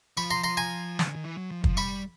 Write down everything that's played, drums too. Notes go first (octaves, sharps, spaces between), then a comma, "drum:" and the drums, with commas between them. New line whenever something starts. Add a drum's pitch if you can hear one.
F3 B5 C#6
A#5 C6
A#5 C6
G#5 A#5
C#3, drum: snare
D3
D#3
E3
F#3
F3
F3, drum: kick
G3 B5 C#6